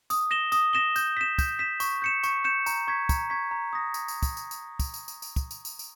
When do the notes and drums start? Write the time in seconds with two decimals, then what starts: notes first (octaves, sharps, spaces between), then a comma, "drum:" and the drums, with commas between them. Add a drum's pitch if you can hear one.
0.10 D#6, drum: tambourine
0.31 A#6 E7 G7
0.52 D#6, drum: tambourine
0.73 A#6 E7 G7
0.96 G6, drum: tambourine
1.17 B6 E7
1.38 G6, drum: kick, tambourine
1.59 B6 E7
1.80 C#6, drum: tambourine
2.02 G6 C#7 E7
2.23 C#6, drum: tambourine
2.44 G6 C#7 E7
2.66 A#5, drum: tambourine
2.87 C#6 G#6 B6
3.09 A#5, drum: kick, tambourine
3.30 C#6 G#6 B6
3.51 A#5
3.73 D#6 A#6
3.94 drum: tambourine
4.08 drum: tambourine
4.23 drum: kick, tambourine
4.37 drum: tambourine
4.51 drum: tambourine
4.79 drum: kick, tambourine
4.94 drum: tambourine
5.08 drum: tambourine
5.22 drum: tambourine
5.36 drum: kick, tambourine
5.51 drum: tambourine
5.65 drum: tambourine
5.79 drum: tambourine